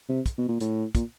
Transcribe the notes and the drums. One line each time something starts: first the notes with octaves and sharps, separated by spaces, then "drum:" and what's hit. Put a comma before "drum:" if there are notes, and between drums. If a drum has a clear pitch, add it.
C3
drum: kick, hi-hat
B2
A#2
A2, drum: hi-hat
A#2, drum: kick, hi-hat